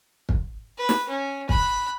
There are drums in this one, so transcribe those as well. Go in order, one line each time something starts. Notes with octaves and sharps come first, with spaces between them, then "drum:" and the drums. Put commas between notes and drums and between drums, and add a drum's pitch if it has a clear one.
drum: kick
B4
drum: snare
C#4
B5 F#6, drum: kick